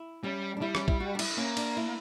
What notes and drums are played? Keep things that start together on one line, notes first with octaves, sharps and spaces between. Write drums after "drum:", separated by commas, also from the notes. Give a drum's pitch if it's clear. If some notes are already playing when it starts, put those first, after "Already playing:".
Already playing: E4
G3 C#4
D4
G3 E4
C#4, drum: rim click
E4, drum: kick
F#4
D4
E4, drum: cymbal
A#3 C#4
D4, drum: cymbal
E4